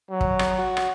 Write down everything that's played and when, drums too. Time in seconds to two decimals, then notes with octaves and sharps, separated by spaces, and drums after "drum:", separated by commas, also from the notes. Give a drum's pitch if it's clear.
0.11 F#3
0.21 drum: kick
0.39 drum: rim click
0.58 F#4
0.77 drum: rim click